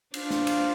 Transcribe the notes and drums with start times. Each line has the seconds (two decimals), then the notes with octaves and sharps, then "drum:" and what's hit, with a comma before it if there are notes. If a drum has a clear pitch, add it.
0.14 D4 F4 C5 F5, drum: cymbal
0.30 drum: snare
0.47 drum: cymbal